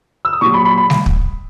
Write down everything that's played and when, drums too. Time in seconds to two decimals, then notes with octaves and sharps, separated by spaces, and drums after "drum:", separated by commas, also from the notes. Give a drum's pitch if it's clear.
0.25 E6
0.33 D#6
0.41 A#2 F#3 C#6
0.54 B5
0.65 B5
0.78 B5
0.90 drum: snare
1.06 drum: kick